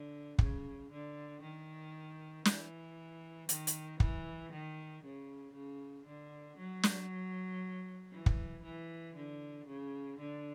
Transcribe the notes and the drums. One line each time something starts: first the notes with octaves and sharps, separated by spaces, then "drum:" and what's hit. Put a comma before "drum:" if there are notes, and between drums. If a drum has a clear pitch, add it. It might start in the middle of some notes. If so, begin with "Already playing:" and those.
Already playing: D3
C#3, drum: kick
D3
D#3
E3, drum: snare
D#3, drum: hi-hat
drum: hi-hat
E3, drum: kick
D#3
C#3
C#3
D3
F#3
drum: snare
E3
drum: kick
E3
D3
C#3
D3